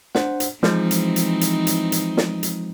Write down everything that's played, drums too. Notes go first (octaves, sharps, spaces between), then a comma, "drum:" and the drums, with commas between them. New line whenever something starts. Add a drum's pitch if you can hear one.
D4 C5 F#5, drum: snare
drum: hi-hat
E3 F3 G#3 C4 D#4, drum: snare
drum: hi-hat
drum: hi-hat
drum: hi-hat
drum: hi-hat
drum: hi-hat
drum: snare
drum: hi-hat